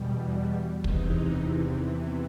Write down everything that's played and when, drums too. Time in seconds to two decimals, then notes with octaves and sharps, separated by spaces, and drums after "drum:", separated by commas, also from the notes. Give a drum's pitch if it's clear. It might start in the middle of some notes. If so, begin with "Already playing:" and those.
Already playing: E2 B2 G3
0.84 E2 C3 E3 D#4, drum: kick